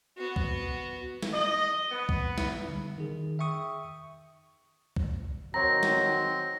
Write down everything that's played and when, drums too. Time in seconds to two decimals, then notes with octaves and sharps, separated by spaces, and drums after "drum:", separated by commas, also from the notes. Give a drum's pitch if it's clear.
0.17 B3 F#4
0.36 drum: kick C2
1.23 drum: snare
1.33 D#5
1.91 B3
2.09 drum: kick C2
2.38 drum: snare
2.69 D3 G3
2.98 D#3 G#4
3.39 E5 G5 C#6 D#6
4.96 drum: kick C2
5.54 D#3 F#3 C4 C#5 A#5 A#6
5.83 drum: snare